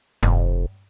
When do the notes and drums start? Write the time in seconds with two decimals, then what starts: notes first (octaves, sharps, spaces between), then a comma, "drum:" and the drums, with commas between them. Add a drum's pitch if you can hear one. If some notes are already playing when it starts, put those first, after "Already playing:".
0.23 F1, drum: tom G2